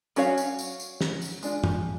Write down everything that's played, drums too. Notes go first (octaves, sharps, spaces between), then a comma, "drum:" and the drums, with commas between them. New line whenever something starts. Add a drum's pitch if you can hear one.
F#3 C#4 F#4 C#5 F5, drum: tambourine
drum: tambourine
drum: tambourine
drum: tambourine
drum: snare
drum: tambourine
G#3 D4 F4, drum: tambourine
drum: tom